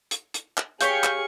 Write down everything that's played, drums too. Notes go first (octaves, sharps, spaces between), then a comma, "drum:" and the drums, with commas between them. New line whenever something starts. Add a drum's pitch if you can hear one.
drum: hi-hat
drum: hi-hat
drum: clap
G4 G#4 C#5 F5 C#6 G6, drum: hi-hat
drum: clap